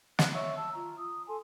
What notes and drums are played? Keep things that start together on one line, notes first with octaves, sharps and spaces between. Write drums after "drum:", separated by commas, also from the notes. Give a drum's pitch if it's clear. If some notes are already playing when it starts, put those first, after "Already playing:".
F#6, drum: snare
C#5 E5 C#6 E6
A5 E6
F4 A#5
D#6
A4 G#5 A5 C6